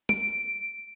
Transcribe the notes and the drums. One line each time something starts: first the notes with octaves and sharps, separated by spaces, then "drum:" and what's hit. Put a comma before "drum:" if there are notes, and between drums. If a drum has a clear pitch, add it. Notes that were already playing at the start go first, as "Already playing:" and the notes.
D7, drum: tom